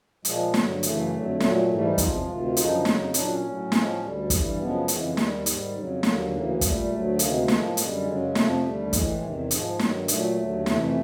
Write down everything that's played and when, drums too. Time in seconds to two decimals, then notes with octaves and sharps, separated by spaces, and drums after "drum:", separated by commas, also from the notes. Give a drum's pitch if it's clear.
0.25 A#2 F3 G#3, drum: hi-hat
0.54 G2 D3 F#3, drum: snare
0.83 F#2 C#3 E3 A3, drum: hi-hat
1.12 F2 D3 F#3
1.40 A#2 F#3 A3, drum: snare
1.55 A3
1.69 G#2 E3 G3 A3
1.84 D#4
1.98 E2 C3 F3 G#3 F4, drum: kick, hi-hat
2.28 D2 C3 D#3
2.57 F#2 D3 F3 G#3 D#4, drum: hi-hat
2.85 F2 C#3 F#3, drum: snare
3.14 A#2 F#3 D4, drum: hi-hat
3.29 C#4
3.43 A2 F#3
3.72 A2 F3 G#3, drum: snare
4.01 D2 D3 G3
4.30 G2 E3 G3, drum: kick, hi-hat
4.59 F#2 C#3 F3 G#3 B3
4.88 F2 C#3 E3 G#3, drum: hi-hat
5.17 D#2 D#3 G3, drum: snare
5.46 G#2 D#3 G3, drum: hi-hat
5.75 F2 C#3 F#3
6.03 D#2 D3 F#3 A#3, drum: snare
6.32 D2 C#3 E3
6.61 A#2 G3 A3, drum: kick, hi-hat
6.90 D2 D3 F#3
7.19 D2 C3 D#3 G#3 A#3, drum: hi-hat
7.48 A2 F3 G#3, drum: snare
7.77 F#2 D3 G3 G#3, drum: hi-hat
8.06 F#2 C#3 F#3
8.35 F2 C3 F3 A3, drum: snare
8.64 D#2 D3 G3
8.93 A2 E3 G#3, drum: kick, hi-hat
9.22 E2 C3 D#3
9.51 G#2 F3 G#3, drum: hi-hat
9.79 G2 D#3 F#3, drum: snare
10.08 A#2 F#3 A3, drum: hi-hat
10.38 D#2 D3 F#3
10.66 F2 C3 E3 A3, drum: snare